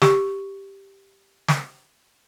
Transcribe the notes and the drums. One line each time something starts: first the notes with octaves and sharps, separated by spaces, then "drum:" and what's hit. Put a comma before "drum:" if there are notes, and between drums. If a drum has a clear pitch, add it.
G4 C#6, drum: snare
drum: snare